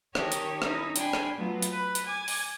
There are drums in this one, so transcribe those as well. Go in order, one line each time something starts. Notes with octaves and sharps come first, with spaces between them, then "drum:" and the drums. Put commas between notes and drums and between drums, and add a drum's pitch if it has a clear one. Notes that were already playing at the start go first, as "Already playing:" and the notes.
D#3 C#4 G4 C#5 A5, drum: rim click
drum: hi-hat
C#4 D#4 E4, drum: rim click
D4 G5 G#5 B5 C6, drum: hi-hat
drum: rim click
F#3 A3 B3 F4
drum: hi-hat
B4
drum: hi-hat
G#5 D6 G#6
drum: open hi-hat